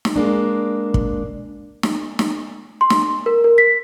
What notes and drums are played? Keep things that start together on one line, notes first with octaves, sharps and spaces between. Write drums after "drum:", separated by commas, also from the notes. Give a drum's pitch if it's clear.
drum: snare
G#3 A#3 D4
drum: kick
drum: snare
drum: snare
C6
drum: snare
A#4
A#4
B6